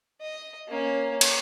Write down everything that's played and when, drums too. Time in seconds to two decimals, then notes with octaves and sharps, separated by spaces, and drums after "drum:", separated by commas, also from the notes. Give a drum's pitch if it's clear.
0.21 D#5
0.68 A#3 C#4
1.21 drum: cymbal